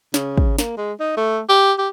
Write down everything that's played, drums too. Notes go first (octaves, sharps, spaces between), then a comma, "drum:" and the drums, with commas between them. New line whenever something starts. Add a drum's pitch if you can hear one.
C#3, drum: snare
drum: kick
A#3, drum: snare
G#3
D#4
A3
G4
G4